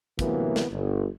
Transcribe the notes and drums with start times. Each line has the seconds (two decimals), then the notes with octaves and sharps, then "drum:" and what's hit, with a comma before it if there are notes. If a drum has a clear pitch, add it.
0.19 D2 C3 E3 F#3 A#3 B3, drum: kick, hi-hat
0.56 drum: snare
0.71 G1